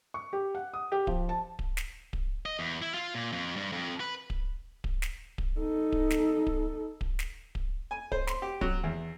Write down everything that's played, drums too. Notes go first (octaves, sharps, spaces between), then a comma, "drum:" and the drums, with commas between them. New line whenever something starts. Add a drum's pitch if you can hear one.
C#6
G4
F#5
D#6
G4
F3, drum: kick D1
A5
drum: kick D1
drum: snare
drum: kick D1
D#5
E2
E4
F4
A#2
F2
G2
F2
B4
drum: kick D1
drum: kick D1
drum: snare
drum: kick D1
D#4 A4
drum: kick D1
drum: snare
drum: kick D1
drum: kick D1
drum: snare
drum: kick D1
G#5
C5, drum: kick D1
C6, drum: snare
G4
F#3, drum: kick D1
E2